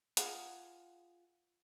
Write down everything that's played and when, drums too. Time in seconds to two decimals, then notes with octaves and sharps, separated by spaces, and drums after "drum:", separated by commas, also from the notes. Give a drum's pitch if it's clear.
0.17 F4 G#4 F#5, drum: hi-hat